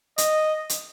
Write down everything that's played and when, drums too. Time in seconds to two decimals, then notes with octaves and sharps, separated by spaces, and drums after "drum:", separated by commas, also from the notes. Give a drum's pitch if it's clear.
0.18 D#5, drum: hi-hat
0.69 drum: hi-hat